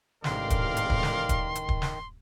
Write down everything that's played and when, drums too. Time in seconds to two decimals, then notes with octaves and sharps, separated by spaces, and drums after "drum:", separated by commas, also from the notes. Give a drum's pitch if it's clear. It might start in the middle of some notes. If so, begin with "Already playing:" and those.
0.24 A1 G#2 C3 D#3 A#4 D5 F5 C6, drum: snare
0.50 drum: kick, hi-hat
0.77 drum: hi-hat
0.90 drum: kick
1.03 drum: snare
1.29 drum: kick, hi-hat
1.55 drum: hi-hat
1.69 drum: kick
1.82 drum: snare